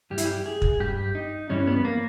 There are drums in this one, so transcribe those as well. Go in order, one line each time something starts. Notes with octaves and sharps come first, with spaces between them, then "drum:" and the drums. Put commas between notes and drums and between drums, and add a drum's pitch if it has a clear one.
G2 E3 G3 G4
E4, drum: hi-hat
G4
G#4
drum: kick
G2 G3 G4
D#4
G2 E3 G3 C#4
B3
A#3